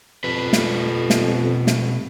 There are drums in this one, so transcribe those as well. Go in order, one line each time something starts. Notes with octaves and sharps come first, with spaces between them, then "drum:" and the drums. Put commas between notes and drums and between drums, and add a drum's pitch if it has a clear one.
F2 B2 G4 B4
drum: snare
drum: snare
drum: snare